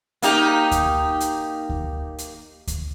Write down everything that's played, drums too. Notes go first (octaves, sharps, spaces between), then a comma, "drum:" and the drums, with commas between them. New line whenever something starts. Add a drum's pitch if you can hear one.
A#3 D#4 G4, drum: hi-hat
drum: kick D2, hi-hat
drum: hi-hat
drum: kick D2
drum: hi-hat
drum: kick D2, hi-hat